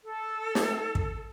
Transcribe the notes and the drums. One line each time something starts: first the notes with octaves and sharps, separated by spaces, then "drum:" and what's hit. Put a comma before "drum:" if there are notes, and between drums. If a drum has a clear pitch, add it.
A4
drum: snare
drum: kick